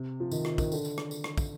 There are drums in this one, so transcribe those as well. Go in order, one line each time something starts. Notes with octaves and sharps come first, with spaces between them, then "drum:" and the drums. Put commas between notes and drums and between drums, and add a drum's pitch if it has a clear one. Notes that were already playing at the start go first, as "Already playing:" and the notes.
Already playing: C3
F3
D#3, drum: tambourine
F3, drum: rim click
D#3, drum: kick, tambourine
D3, drum: tambourine
drum: tambourine
drum: rim click
drum: tambourine
drum: rim click
drum: kick, tambourine